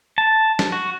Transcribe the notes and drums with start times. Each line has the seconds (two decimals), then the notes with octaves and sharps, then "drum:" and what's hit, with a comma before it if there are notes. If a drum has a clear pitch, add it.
0.18 A5
0.59 drum: snare
0.72 F#4